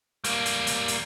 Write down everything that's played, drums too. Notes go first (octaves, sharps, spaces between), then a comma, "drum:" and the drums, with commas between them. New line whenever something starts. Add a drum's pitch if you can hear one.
G3 A#3, drum: hi-hat
drum: hi-hat
drum: hi-hat
drum: hi-hat